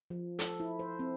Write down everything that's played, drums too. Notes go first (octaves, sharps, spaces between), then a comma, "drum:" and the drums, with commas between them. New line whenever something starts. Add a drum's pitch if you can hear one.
F3
A4, drum: hi-hat
E4
C5
C4